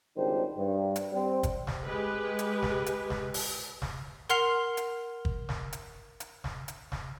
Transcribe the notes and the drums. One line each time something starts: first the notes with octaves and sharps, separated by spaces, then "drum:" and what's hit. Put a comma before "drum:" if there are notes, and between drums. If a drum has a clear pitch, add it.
G#1 C#2 D#3 G3 D4 C5
G2
drum: hi-hat
G3 C4
drum: kick, hi-hat
drum: snare
G#3 G4 B4
drum: hi-hat
drum: snare
drum: hi-hat
drum: snare
drum: open hi-hat
drum: snare
A#4 F#5 C6 F6 C7 F7, drum: hi-hat
drum: hi-hat
drum: kick
drum: snare
drum: hi-hat
drum: hi-hat
drum: snare
drum: hi-hat
drum: snare